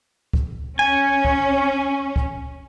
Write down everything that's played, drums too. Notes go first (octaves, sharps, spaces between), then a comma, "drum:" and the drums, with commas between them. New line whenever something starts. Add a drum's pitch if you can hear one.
drum: kick C#2
C#4 G#5
drum: kick C#2
drum: kick C#2